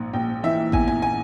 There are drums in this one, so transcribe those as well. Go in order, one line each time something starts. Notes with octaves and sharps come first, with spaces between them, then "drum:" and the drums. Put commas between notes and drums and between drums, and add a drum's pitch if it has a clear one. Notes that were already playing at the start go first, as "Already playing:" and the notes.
Already playing: A#1 G#2
A#1 G5
E3 E5
E2 G#5, drum: kick A1
G#5
G#5